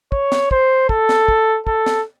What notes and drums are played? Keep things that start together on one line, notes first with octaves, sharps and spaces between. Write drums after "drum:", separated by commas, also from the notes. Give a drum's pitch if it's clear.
C#5, drum: kick
drum: snare
C5, drum: kick
A4, drum: kick
drum: snare
drum: kick
A4, drum: kick
drum: snare